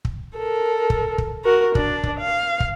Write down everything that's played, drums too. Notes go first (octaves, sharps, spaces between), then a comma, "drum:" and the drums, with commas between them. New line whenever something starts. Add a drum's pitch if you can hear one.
drum: kick
A4 A#4
drum: kick
drum: kick
F#4 A#4
D4 D5, drum: kick
drum: kick
F5
drum: kick